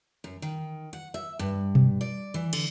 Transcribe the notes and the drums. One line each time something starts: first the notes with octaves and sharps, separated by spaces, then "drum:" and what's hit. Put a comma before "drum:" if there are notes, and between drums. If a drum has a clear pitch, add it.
F#2
D#3
F#5
E5
G2
drum: tom B2
D5
E3
D3, drum: cymbal